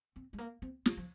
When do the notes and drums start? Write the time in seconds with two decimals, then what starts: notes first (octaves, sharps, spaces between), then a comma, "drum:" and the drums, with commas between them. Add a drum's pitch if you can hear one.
0.16 C4
0.33 G#3
0.38 A#3
0.62 C4
0.86 G#3, drum: snare
0.97 F3